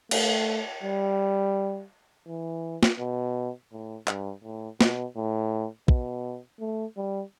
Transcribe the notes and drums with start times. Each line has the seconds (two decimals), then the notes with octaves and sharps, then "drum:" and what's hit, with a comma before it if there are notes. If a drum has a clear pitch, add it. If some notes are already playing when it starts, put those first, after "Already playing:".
0.11 A3, drum: cymbal
0.83 G3
2.28 E3
2.83 drum: snare
3.00 B2
3.72 A2
4.08 G2, drum: clap
4.44 A2
4.81 B2, drum: snare
5.17 A2
5.88 B2, drum: kick
6.60 A3
6.97 G3